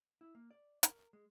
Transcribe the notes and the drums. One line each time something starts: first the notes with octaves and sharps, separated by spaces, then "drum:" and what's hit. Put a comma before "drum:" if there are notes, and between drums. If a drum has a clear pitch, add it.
E4
A#3
D5
A#4, drum: hi-hat
G#3